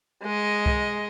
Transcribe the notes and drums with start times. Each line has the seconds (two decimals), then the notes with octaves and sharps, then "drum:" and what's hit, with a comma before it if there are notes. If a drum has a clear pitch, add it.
0.22 G#3 D#5
0.66 drum: kick C2